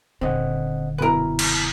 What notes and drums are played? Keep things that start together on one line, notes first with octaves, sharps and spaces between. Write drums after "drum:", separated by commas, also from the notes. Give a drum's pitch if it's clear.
D#1 D3 C4 D#5 F#5
F#2 B2 E4 A#4 B4
drum: cymbal